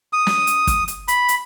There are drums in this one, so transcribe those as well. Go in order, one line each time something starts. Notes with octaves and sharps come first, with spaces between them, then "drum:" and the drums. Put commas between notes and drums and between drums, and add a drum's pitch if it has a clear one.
D#6
drum: snare
drum: hi-hat
drum: kick, hi-hat
drum: hi-hat
B5, drum: hi-hat
drum: hi-hat